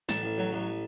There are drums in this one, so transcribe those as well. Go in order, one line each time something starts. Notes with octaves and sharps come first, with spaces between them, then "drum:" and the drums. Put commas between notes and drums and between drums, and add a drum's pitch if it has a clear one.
A1 A5, drum: snare
A1
F#3
A1